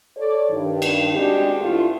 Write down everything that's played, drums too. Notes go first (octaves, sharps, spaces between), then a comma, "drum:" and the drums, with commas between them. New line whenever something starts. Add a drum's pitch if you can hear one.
A4 C#5 D5
G2 D#3
drum: cymbal
G3 G#3 C4 D4 F#4 G4
G2 E3 A3 E4 F4